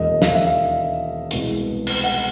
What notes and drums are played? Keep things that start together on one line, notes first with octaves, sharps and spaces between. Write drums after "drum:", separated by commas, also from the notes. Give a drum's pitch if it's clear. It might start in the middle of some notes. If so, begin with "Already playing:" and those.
Already playing: E1 D#2 D#3 D#5
F5, drum: snare
E5
F5
C2 B2 G#3 B3, drum: hi-hat
drum: cymbal
F#5